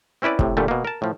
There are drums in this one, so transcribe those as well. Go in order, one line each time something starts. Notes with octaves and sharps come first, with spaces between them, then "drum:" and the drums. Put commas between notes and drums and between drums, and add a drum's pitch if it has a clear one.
C4 C#4 E4 B4 D5
A2 C3, drum: kick
A#2 D3 G3 A3
B2 A#3
A#4 A5
A2 F3